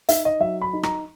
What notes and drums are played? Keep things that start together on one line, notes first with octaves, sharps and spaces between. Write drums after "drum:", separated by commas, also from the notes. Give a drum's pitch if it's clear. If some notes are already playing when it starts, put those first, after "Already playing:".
D#4 E5, drum: hi-hat
D#5
F#3 E5
B5
D#4
A#5, drum: rim click